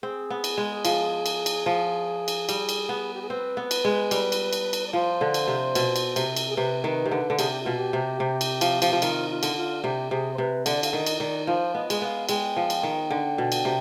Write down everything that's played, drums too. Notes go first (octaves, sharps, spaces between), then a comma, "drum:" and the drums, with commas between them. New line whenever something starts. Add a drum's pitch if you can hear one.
C4 G#4
B3
drum: cymbal
G#3
F3, drum: cymbal
drum: cymbal
drum: cymbal
F3
drum: cymbal
G3, drum: cymbal
drum: cymbal
B3
G4
G#4
C4 B4
B3
drum: cymbal
G#3
G3, drum: cymbal
drum: cymbal
drum: cymbal
drum: cymbal
D5
F3 C5
D3
drum: cymbal
C3
B2, drum: cymbal
drum: cymbal
C3, drum: cymbal
drum: cymbal
G#4
C3 B4
D#3 B4
C3
D3 B4
D3
C3 G#4, drum: cymbal
G4
B2 F4
G4
C3
C3
drum: cymbal
F3, drum: cymbal
F3, drum: cymbal
F3
D#3 F4, drum: cymbal
F4
D3, drum: cymbal
F4
C3 G4
C3 G#4
C5
C3 B4
D3 D5, drum: cymbal
F5, drum: cymbal
D#3 D#5
drum: cymbal
D#3 D5
F3 C5
B3 D#5
G#3 D#5, drum: cymbal
B3 F5
G#3 G5, drum: cymbal
F3
drum: cymbal
D#3
D3
B2
drum: cymbal
C3